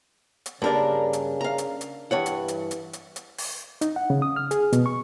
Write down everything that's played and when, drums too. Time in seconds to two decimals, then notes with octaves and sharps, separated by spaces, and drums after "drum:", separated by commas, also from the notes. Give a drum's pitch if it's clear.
0.46 drum: hi-hat
0.62 G2 C#3 A#3 D4 A#4 D5
1.13 drum: hi-hat
1.41 F5 A#5
1.58 drum: hi-hat
1.81 drum: hi-hat
2.11 G2 E3 C#5 F#5
2.26 drum: hi-hat
2.48 drum: hi-hat
2.71 drum: hi-hat
2.93 drum: hi-hat
3.16 drum: hi-hat
3.38 drum: open hi-hat
3.81 D#4, drum: hi-hat
3.96 F#5
4.10 C#3
4.22 D#6
4.36 F6
4.51 G#4, drum: hi-hat
4.73 B2, drum: hi-hat
4.86 C#6